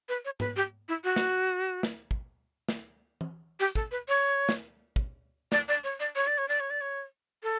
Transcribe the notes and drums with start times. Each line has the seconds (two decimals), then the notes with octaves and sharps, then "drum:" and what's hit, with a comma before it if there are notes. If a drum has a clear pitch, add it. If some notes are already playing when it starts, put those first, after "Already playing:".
0.09 B4
0.25 C#5
0.40 B4, drum: tom G#2
0.56 G4
0.89 E4
1.04 F#4
1.16 drum: snare
1.83 drum: snare
2.11 drum: kick
2.69 drum: snare
3.21 drum: tom E3
3.60 G4, drum: tambourine
3.75 A4, drum: kick
3.91 B4
4.08 C#5
4.49 drum: snare
4.96 drum: kick
5.52 D5, drum: snare
5.68 D5
5.84 C#5
6.00 D5
6.16 C#5
6.27 D5
6.38 C#5
6.48 D5
6.60 C#5
6.70 D5
6.81 C#5
7.43 A4